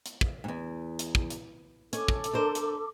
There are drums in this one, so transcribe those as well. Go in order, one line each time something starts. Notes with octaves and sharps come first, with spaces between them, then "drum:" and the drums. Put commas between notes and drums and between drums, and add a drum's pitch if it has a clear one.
drum: hi-hat
drum: kick
E2 G#2
drum: hi-hat
drum: kick
drum: hi-hat
C#4 A4 D6, drum: hi-hat
drum: kick
drum: hi-hat
D4 A#4 C5
drum: hi-hat